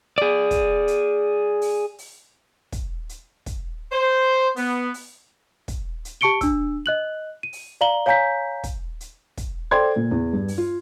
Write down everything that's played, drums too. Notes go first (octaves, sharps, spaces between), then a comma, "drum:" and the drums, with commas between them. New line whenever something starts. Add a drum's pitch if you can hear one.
G#4 D5
drum: kick, hi-hat
drum: hi-hat
drum: open hi-hat
drum: open hi-hat
drum: kick, hi-hat
drum: hi-hat
drum: kick, hi-hat
C5
B3, drum: open hi-hat
drum: open hi-hat
drum: kick, hi-hat
drum: hi-hat
G4 A5 C#6 C#7 D7 G7
D4 E6, drum: kick, hi-hat
D#5 F#6 F#7
D#7
drum: open hi-hat
D5 F5 A#5 F#7 G7
C#5 F5 G#5 A#5 G6 B6
drum: kick, hi-hat
drum: hi-hat
drum: kick, hi-hat
A4 C5 D5 G5 C6 G#6
A#2
E2
G2
drum: open hi-hat
F4